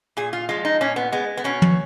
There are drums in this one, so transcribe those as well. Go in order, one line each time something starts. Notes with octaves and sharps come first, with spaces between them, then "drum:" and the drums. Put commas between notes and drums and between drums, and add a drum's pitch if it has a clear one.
A#2 G#4
F4
F3 G#3 F4
D#4
A#2 C#4
B3
G#3 B3
B3
B2 C#4
drum: tom